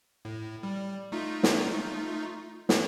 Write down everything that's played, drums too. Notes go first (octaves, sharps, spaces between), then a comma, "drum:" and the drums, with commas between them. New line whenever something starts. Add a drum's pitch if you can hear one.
A2
G3
A3 D#4 F4
drum: snare
drum: snare